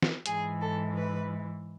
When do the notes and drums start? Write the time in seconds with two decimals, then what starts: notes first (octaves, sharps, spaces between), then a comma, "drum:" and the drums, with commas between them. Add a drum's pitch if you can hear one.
0.03 drum: snare
0.26 G#2 E3 G#4, drum: hi-hat
0.61 A4
0.96 B4